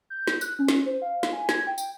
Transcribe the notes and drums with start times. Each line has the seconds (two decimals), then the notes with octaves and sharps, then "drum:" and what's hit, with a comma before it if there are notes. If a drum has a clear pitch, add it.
0.10 G6
0.28 drum: snare
0.41 F#6, drum: tambourine
0.59 C#4
0.68 drum: snare
0.86 C5
1.02 F5
1.23 drum: snare
1.33 G#5
1.49 G#6, drum: snare
1.67 G5
1.78 drum: tambourine